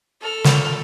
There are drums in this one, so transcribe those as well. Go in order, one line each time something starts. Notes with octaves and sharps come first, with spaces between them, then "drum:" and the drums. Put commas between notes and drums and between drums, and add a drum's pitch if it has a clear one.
A4 F6
drum: snare